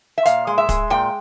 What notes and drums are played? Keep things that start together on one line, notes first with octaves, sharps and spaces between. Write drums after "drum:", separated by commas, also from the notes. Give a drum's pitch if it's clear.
E5
A#2 F5, drum: hi-hat
G#3
E5
G#3, drum: kick, hi-hat
A#2 G5